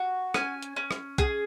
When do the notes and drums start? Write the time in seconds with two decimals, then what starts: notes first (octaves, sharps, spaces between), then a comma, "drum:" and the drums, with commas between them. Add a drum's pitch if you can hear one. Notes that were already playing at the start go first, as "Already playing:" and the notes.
Already playing: F#4
0.34 C#4 G#5, drum: rim click
0.62 drum: hi-hat
0.76 C#4
0.91 drum: rim click
1.18 G#4, drum: kick, hi-hat